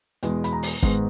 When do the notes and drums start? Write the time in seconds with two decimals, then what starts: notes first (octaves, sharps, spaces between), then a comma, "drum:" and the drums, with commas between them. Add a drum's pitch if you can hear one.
0.23 E2 B2 G#3, drum: hi-hat
0.44 B5, drum: hi-hat
0.53 A#5
0.63 drum: open hi-hat
0.83 G#2 D#3 G#3 B3, drum: kick, hi-hat